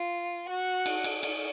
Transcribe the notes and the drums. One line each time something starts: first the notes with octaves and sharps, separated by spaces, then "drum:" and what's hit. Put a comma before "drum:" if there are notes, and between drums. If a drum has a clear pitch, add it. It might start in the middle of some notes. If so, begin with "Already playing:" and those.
Already playing: F4
F#4
drum: cymbal
drum: cymbal
drum: cymbal